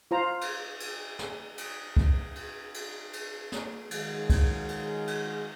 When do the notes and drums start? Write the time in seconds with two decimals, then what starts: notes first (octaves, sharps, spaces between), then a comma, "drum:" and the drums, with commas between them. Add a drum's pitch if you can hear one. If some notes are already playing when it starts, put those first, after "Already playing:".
0.11 F4 C5 A#5
0.41 drum: cymbal
0.80 drum: cymbal
1.19 drum: snare
1.58 drum: cymbal
1.97 drum: kick
2.35 drum: cymbal
2.74 drum: cymbal
3.13 drum: cymbal
3.52 drum: snare
3.91 D#3 F#3 G#3 F4, drum: cymbal
4.30 drum: kick, cymbal
4.68 drum: cymbal
5.07 drum: cymbal